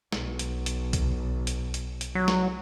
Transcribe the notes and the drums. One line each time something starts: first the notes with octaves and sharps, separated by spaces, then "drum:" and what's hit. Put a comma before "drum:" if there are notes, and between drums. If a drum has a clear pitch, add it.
B1, drum: snare
drum: hi-hat
drum: hi-hat
drum: kick C2, hi-hat
drum: hi-hat
drum: hi-hat
drum: hi-hat
F#3
drum: snare